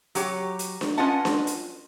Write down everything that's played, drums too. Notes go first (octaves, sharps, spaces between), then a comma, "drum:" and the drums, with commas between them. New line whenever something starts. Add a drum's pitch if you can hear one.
F#3 G4 C#5, drum: hi-hat
drum: hi-hat
drum: snare D4
C#4 F4 B4 D#5 F#5 A5
drum: snare D4
drum: hi-hat